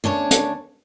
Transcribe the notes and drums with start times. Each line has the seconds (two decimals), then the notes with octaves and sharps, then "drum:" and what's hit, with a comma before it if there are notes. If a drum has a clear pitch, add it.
0.04 D2 C#4 D4 C#5
0.31 drum: hi-hat